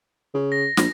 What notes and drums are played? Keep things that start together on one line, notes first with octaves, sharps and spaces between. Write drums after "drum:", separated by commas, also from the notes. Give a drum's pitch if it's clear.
C#3
A#6
A#1, drum: snare